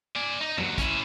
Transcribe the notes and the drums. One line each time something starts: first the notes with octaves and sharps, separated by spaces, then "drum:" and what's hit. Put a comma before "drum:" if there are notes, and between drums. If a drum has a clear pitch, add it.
D5 G#5
D#4
D#2 F#3, drum: tom F#2
C#4 E4, drum: kick, hi-hat